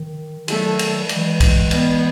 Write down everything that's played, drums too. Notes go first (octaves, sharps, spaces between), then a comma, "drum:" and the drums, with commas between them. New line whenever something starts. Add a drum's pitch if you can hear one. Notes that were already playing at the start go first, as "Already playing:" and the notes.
Already playing: D#3
D#3 F#3 A3, drum: cymbal
drum: cymbal
E3 G#3, drum: cymbal
drum: kick, cymbal
B3, drum: cymbal